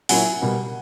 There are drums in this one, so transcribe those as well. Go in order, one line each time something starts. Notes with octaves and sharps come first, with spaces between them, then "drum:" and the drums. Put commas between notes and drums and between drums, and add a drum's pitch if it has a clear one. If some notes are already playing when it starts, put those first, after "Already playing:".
A#2 F#3 A#3 C#4 E4 F#5 G#5, drum: open hi-hat
B2 G3 A#3